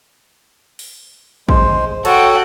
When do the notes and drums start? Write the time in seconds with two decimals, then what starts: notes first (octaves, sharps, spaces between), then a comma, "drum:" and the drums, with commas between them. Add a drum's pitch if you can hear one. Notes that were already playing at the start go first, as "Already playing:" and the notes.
0.79 drum: open hi-hat
1.49 G#3 C5, drum: kick
1.65 drum: tom
2.05 F#4 A4 C#5 G5 A5, drum: cymbal